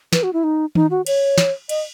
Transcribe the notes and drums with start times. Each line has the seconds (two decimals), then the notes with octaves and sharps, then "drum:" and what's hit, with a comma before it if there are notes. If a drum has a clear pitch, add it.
0.13 B4, drum: snare
0.23 F#4
0.33 E4
0.43 D#4
0.75 D#4, drum: tom D#3
0.90 F#4
1.06 C#5, drum: cymbal
1.38 drum: snare
1.69 D#5, drum: cymbal